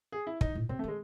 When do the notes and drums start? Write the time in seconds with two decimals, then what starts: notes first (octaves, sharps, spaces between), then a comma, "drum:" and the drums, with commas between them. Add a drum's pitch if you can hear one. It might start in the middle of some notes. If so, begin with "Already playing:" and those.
0.12 G#4
0.27 E4
0.41 D#4, drum: kick
0.55 A2
0.69 C3 C4
0.79 A3
0.84 D#3
0.88 G#3